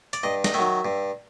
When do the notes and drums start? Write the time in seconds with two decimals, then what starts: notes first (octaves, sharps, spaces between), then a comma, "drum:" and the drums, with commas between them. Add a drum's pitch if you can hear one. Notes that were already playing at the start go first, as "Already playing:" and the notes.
0.13 D5, drum: hi-hat
0.23 G2 D#5
0.44 D#5, drum: snare
0.54 D#3 F#3 E5
0.85 G2